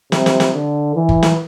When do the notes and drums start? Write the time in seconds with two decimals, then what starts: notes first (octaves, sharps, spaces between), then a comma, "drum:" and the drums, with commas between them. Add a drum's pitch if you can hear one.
0.12 C3, drum: snare
0.26 drum: snare
0.40 drum: snare
0.54 D3
0.96 E3
1.09 drum: kick G1
1.23 drum: snare